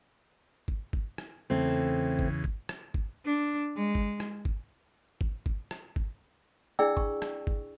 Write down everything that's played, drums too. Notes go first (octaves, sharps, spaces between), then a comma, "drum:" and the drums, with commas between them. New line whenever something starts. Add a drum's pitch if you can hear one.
drum: kick G1
drum: kick G1
drum: rim click
E2 C#3 A3 C4
drum: kick G1
drum: kick G1
drum: rim click
drum: kick G1
D4
G#3
drum: kick G1
drum: rim click
drum: kick G1
drum: kick G1
drum: kick G1
drum: rim click
drum: kick G1
D4 E4 G#4 D5 G5 E6
C#6, drum: kick G1
drum: rim click
drum: kick G1